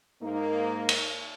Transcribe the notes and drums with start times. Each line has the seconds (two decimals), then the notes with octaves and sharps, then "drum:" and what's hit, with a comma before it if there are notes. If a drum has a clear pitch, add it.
0.21 G#2 A#3 D#4
0.89 drum: cymbal